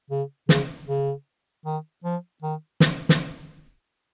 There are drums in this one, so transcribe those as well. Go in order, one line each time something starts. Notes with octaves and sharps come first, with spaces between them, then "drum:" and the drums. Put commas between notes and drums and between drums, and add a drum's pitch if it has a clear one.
C#3
C#3, drum: snare
C#3
D#3
F3
D#3
drum: snare
drum: snare